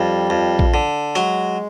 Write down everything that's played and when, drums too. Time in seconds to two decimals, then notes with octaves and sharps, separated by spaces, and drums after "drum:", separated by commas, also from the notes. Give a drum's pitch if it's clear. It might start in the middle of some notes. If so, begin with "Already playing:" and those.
Already playing: F2 G3
0.30 F2
0.59 drum: kick A#1
0.74 D3
1.15 F#3 G#3, drum: hi-hat